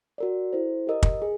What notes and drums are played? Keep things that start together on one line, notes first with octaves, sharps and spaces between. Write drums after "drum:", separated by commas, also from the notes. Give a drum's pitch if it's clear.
F#4 A#4 D5
E4 A4 C5
G4 A#4 D#5
drum: kick
G#4